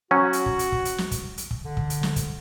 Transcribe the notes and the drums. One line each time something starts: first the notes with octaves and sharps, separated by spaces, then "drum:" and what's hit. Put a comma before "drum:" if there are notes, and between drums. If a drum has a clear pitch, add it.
F#3 C#4 F#4
drum: hi-hat
drum: kick
drum: hi-hat
drum: kick
drum: hi-hat
drum: snare
drum: kick, hi-hat
drum: hi-hat
drum: kick
D3
drum: kick
drum: hi-hat
drum: snare
drum: kick, hi-hat